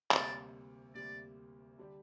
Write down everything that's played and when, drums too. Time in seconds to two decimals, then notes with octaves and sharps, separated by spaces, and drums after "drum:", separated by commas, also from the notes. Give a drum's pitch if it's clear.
0.11 D2 C3 G3 A#3 D5, drum: clap
0.94 D2 C3 G3 A#3 D5
1.78 D3 G3 D4 G4